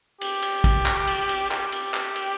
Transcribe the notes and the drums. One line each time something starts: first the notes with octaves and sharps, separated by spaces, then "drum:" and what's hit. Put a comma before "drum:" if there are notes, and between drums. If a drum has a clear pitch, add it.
G4, drum: cymbal
drum: cymbal
drum: kick, cymbal
drum: clap
drum: cymbal
drum: cymbal
G4, drum: clap
drum: cymbal
drum: clap
drum: cymbal